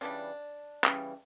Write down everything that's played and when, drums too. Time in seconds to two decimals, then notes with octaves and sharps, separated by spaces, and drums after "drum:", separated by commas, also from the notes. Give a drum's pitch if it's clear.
0.01 C#3 E3 G3 D4
0.84 C#3 E3 G3, drum: clap